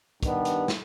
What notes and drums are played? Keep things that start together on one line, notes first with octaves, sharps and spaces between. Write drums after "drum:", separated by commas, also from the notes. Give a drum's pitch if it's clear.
G2 D#3 G3 B3 D4, drum: kick, hi-hat
drum: hi-hat
drum: snare